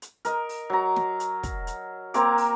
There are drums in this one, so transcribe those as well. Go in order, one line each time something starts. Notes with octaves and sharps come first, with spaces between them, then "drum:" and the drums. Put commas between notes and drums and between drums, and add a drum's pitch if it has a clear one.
drum: hi-hat
A#4 D#5, drum: hi-hat
drum: open hi-hat
F#3 A#5
drum: snare
drum: hi-hat
drum: kick, hi-hat
drum: hi-hat
A#3 C4 A#5 D6, drum: hi-hat
drum: open hi-hat